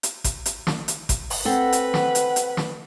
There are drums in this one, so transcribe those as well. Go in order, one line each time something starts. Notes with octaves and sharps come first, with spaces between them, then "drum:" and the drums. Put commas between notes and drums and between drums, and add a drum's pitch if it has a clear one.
drum: hi-hat
drum: kick G#1, hi-hat
drum: hi-hat
drum: snare
drum: hi-hat
drum: kick G#1, hi-hat
drum: open hi-hat
C4 A4 B4 F#5
drum: hi-hat
F#5, drum: snare
drum: hi-hat
drum: hi-hat
drum: snare